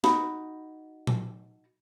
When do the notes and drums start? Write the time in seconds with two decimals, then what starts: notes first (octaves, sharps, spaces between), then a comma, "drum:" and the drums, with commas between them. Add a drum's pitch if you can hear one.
0.04 D#4 F#4 B5, drum: snare
1.07 drum: tom A#2